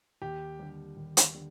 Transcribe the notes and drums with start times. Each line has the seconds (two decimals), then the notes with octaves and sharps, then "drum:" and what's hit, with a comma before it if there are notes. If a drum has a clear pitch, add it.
0.22 D#2 G4
0.59 D3 G3
0.97 D#2
1.17 drum: hi-hat
1.34 D3 G3